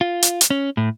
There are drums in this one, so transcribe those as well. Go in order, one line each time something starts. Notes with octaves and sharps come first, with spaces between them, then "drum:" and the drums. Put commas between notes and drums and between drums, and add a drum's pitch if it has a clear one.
F4
drum: hi-hat
drum: hi-hat
C#4
A2